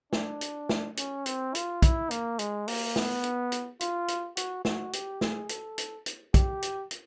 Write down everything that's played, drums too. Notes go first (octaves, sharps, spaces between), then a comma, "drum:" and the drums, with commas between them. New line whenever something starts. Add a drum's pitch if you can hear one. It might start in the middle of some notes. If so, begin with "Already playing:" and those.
D4, drum: snare
drum: hi-hat
drum: snare
C#4, drum: hi-hat
C4, drum: hi-hat
F4, drum: hi-hat
E4, drum: kick, hi-hat
A#3, drum: hi-hat
G#3, drum: hi-hat
A#3, drum: open hi-hat
B3, drum: snare
drum: hi-hat
drum: hi-hat
F4, drum: hi-hat
drum: hi-hat
F#4, drum: hi-hat
F#4, drum: snare
G4, drum: hi-hat
G#4, drum: snare
A4, drum: hi-hat
drum: hi-hat
drum: hi-hat
G4, drum: kick, hi-hat
drum: hi-hat
drum: hi-hat